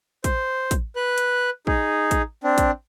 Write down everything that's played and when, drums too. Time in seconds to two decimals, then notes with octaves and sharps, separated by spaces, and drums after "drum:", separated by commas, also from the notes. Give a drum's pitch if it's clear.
0.24 C5, drum: kick, hi-hat
0.71 drum: kick, hi-hat
0.96 B4 F#6
1.18 drum: hi-hat
1.67 D#4 G#4, drum: kick
2.11 drum: kick, hi-hat
2.44 C4 D4
2.58 drum: kick, hi-hat